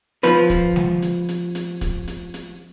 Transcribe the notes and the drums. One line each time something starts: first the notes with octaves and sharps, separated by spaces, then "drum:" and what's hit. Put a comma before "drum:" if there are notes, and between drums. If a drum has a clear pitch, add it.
F3 B4, drum: hi-hat
drum: kick, hi-hat
drum: snare G#3
drum: hi-hat
drum: hi-hat
drum: hi-hat
drum: kick, hi-hat
drum: hi-hat
drum: hi-hat